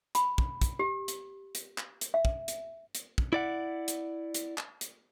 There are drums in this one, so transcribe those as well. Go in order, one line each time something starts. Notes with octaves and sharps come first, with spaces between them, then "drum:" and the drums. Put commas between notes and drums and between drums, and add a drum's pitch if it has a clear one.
B5, drum: hi-hat
drum: kick
drum: kick, hi-hat
G4
drum: hi-hat
drum: hi-hat
drum: clap
drum: hi-hat
E5
drum: kick
drum: hi-hat
drum: hi-hat
drum: kick
E4 D5 F#5
drum: hi-hat
drum: hi-hat
drum: clap
drum: hi-hat